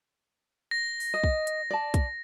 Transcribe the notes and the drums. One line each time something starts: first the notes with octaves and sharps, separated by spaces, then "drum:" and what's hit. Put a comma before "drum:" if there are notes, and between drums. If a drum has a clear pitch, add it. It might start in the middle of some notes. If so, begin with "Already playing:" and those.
A#6
drum: open hi-hat
D#5
drum: kick
drum: hi-hat
D5 A5
drum: kick, hi-hat